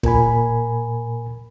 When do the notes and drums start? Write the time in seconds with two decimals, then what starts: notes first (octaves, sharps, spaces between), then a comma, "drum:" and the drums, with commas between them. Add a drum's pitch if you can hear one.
0.03 A#2 A#4 G#5 B5, drum: kick